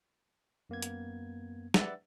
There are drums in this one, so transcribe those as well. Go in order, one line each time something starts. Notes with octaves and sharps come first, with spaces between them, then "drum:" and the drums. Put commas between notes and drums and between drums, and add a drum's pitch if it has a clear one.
F#2 A#3 B3 G#6
drum: hi-hat
B4 D5 E5 F#5 E6 A6, drum: snare